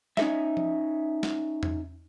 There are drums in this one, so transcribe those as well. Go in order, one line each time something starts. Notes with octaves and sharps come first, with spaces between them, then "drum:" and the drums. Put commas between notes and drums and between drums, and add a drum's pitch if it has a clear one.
C#4 D#4 G4 A4 D#5 E5, drum: snare
drum: tom F3
drum: snare
drum: tom E2